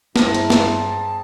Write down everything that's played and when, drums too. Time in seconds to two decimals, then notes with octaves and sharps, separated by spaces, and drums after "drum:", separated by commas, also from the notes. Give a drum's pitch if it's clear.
0.16 G2 G3 C4 E4 G#4 A#4 A5, drum: snare
0.34 drum: hi-hat
0.50 drum: snare